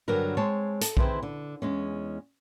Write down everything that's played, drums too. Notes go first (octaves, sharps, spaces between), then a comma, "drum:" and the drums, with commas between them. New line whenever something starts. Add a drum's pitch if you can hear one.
G2 D3 F#3 D4 A#4 B4
G#3 C4 C#5 A5
A4, drum: hi-hat
D#3 C4 E4 G#4 B4 C5, drum: kick B1
D3
E2 G#3 C#4